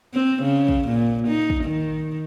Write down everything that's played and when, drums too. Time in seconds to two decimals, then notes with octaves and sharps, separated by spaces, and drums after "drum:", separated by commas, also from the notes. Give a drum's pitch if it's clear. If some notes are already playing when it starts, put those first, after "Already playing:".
0.14 C4
0.43 C#3
0.68 drum: kick
0.88 A#2
1.28 D#4
1.50 drum: kick
1.64 D#3